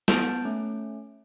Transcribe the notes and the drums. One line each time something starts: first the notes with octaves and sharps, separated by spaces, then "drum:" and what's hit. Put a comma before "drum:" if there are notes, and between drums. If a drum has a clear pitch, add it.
B3 A5 G6 D7, drum: snare
A3 C#4